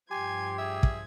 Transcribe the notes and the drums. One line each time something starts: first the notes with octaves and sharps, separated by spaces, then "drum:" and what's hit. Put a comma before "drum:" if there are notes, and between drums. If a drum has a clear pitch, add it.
G2 F3 G4 G#5 C6 G#6
G#4 E5
drum: kick